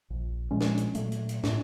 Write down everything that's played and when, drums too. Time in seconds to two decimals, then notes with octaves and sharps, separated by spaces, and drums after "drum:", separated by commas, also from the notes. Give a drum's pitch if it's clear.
0.10 A#1
0.51 A#2 F3 G#3 C#4
0.61 drum: snare
0.78 drum: hi-hat
0.95 A#2 F#3 A3, drum: hi-hat
1.12 drum: hi-hat
1.29 drum: hi-hat
1.44 A2, drum: snare